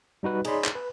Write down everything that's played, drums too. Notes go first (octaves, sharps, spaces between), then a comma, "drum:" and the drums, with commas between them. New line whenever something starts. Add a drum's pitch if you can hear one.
G3 D#4 F#4 B4
D#4 G#4 C#5 D5 B5 C6, drum: cymbal
drum: clap
B4